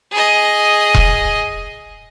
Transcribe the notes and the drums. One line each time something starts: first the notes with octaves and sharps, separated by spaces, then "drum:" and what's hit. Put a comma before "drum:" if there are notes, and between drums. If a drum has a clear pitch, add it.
G#4 D#5
drum: kick E1